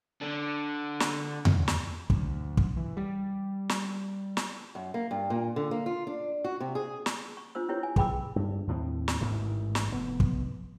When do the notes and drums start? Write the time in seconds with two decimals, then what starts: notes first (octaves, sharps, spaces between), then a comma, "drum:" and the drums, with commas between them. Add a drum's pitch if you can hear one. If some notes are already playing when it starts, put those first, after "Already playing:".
0.21 D3 D4
1.00 drum: snare
1.45 drum: tom E2
1.68 drum: snare
2.10 D2, drum: kick
2.57 drum: kick
2.76 E3
2.97 G3
3.69 drum: snare
4.37 drum: snare
4.75 F#2
4.94 A#3
5.11 G2
5.30 A#2
5.56 D3
5.71 A#3
5.86 F4
6.07 D4
6.44 F#4
6.60 C3
6.75 G#4
7.06 drum: snare
7.37 C#6
7.55 D4 F4 C5 E6
7.69 C#4 E4 G4 B4 C#5
7.83 G#5
7.96 G#4 B4 G5 B5 D6 E6, drum: kick
8.36 G2
8.67 D#2 A2 G#3 C4
9.08 drum: snare
9.21 A1 G#2 D#3 E3
9.75 drum: snare
9.92 F1 B3
10.20 drum: kick